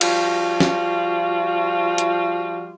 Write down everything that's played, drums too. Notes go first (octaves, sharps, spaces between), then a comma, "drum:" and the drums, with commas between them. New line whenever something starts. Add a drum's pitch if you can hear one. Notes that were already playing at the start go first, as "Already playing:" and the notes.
F3 G3 F4 F#4, drum: cymbal
drum: snare
drum: hi-hat